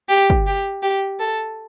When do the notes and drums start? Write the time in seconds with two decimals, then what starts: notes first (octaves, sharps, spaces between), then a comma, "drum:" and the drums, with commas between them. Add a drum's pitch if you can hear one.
0.09 G4
0.30 drum: kick
0.47 G4
0.83 G4
1.19 A4